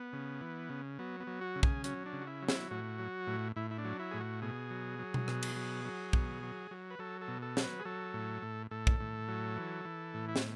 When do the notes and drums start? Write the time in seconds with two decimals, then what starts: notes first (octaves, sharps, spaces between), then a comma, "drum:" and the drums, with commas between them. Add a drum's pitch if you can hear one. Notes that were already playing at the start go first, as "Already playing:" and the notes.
Already playing: B3
0.13 C#3
0.41 E3
0.70 C#3
0.99 F#3 B3
1.20 B3
1.27 F#3
1.41 F#4
1.56 C#3
1.63 G#4, drum: kick
1.84 F#3 C#4, drum: hi-hat
2.06 D4
2.13 C#3
2.21 F#4
2.27 E4
2.42 F#3
2.48 E4, drum: snare
2.71 A2 F#4
2.99 F#3
3.27 A2
3.56 A2 E4
3.71 E4
3.78 D4
3.85 F#3
3.99 E4
4.11 A2 G#4
4.21 F#4
4.42 B2 G#4
4.70 F#3
4.99 F#3
5.14 drum: tom B2
5.28 B2, drum: rim click
5.43 drum: cymbal
5.56 F#3
5.85 F#3
6.13 B2, drum: kick
6.43 F#3
6.71 F#3
6.91 B4
6.99 F#3 A4
7.21 A4
7.28 B2
7.42 A4
7.57 F#3, drum: snare
7.64 B4
7.80 G#4
7.85 F#3 A4
8.14 A2
8.42 A2
8.71 A2 A4
8.87 drum: kick
9.00 A2
9.28 F#3
9.56 E3
9.85 E3
10.14 A2
10.28 E4
10.36 F#4, drum: snare